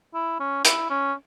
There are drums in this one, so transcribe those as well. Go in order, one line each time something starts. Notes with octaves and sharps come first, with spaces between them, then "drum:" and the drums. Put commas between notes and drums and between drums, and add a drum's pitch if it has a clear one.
E4
C#4
E4, drum: hi-hat
C#4